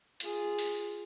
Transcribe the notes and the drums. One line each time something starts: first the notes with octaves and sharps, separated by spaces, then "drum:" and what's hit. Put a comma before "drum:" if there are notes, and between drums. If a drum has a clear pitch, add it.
F4 G#4, drum: hi-hat
drum: open hi-hat